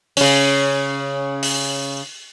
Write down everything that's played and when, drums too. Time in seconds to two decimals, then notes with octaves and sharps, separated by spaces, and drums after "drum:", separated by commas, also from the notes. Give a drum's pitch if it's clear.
0.17 C#3 C#4, drum: open hi-hat
1.43 drum: open hi-hat